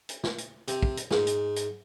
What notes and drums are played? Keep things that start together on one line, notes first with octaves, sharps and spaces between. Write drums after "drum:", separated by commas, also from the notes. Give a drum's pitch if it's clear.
drum: hi-hat
drum: snare
drum: hi-hat
C3, drum: hi-hat
drum: kick
drum: hi-hat
G#2, drum: snare
drum: hi-hat
drum: hi-hat